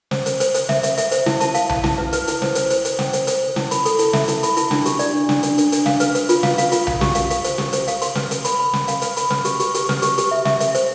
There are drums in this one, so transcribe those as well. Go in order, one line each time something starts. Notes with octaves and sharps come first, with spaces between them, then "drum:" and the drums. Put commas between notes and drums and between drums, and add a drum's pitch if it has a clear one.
C5, drum: snare
C5, drum: hi-hat
C5, drum: hi-hat
C5, drum: hi-hat
E5, drum: snare
E5, drum: hi-hat
E5, drum: hi-hat
C5, drum: hi-hat
E4, drum: snare
A5, drum: hi-hat
F5, drum: hi-hat
A5, drum: tom B1
E4, drum: snare
B4
B4, drum: hi-hat
E4, drum: hi-hat
C5, drum: snare
C5, drum: hi-hat
C5, drum: hi-hat
C5, drum: hi-hat
G5, drum: snare
C5, drum: hi-hat
C5, drum: hi-hat
C5
E4, drum: snare
B5, drum: hi-hat
A4, drum: hi-hat
E4, drum: hi-hat
E5, drum: snare
E4, drum: hi-hat
B5, drum: hi-hat
E4, drum: hi-hat
D4, drum: snare
G4, drum: hi-hat
D5, drum: hi-hat
D4
D4, drum: snare
D4, drum: hi-hat
D4, drum: hi-hat
D4, drum: hi-hat
F5, drum: snare
B4, drum: hi-hat
B4, drum: hi-hat
F4, drum: hi-hat
F5, drum: snare
F5, drum: hi-hat
F4, drum: hi-hat
F5, drum: tom B1
G4, drum: snare
F5, drum: hi-hat
F5, drum: hi-hat
C5, drum: hi-hat
G4, drum: snare
C5, drum: hi-hat
F5, drum: hi-hat
C6, drum: hi-hat
B4, drum: snare
B4, drum: hi-hat
B5, drum: hi-hat
B5
B4, drum: snare
F5, drum: hi-hat
B4, drum: hi-hat
B5, drum: hi-hat
B4, drum: snare
G4, drum: hi-hat
G4, drum: hi-hat
G4, drum: hi-hat
B4, drum: snare
G4, drum: hi-hat
G4, drum: hi-hat
E5
E5, drum: snare
E5, drum: hi-hat
C5, drum: hi-hat